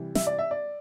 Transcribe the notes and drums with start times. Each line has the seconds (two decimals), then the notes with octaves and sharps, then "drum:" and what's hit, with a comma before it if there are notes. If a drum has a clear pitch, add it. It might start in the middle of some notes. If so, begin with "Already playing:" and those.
Already playing: C3 E3 G3
0.15 E5, drum: snare
0.26 D5
0.38 E5
0.51 D5